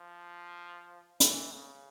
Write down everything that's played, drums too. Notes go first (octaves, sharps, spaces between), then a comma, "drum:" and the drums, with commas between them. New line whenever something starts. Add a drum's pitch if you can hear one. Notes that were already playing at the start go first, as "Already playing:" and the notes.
Already playing: F3
E3, drum: hi-hat
C#3